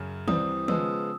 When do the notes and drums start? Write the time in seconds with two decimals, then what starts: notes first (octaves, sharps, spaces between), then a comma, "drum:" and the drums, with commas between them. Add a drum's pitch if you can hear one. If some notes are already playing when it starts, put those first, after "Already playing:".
Already playing: F#2 C#3
0.28 C2 C3 E3 G3 C4 D#6, drum: tom D#3
0.68 C#3 F3 G#3 B3 E6, drum: tom D#3